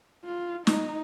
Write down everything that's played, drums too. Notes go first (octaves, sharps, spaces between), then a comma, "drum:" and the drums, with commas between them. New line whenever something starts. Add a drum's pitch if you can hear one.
F4
D#4, drum: snare